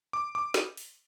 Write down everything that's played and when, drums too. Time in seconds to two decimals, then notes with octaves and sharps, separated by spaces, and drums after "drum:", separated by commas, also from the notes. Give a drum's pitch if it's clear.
0.13 D6
0.35 D6
0.54 drum: snare
0.77 drum: open hi-hat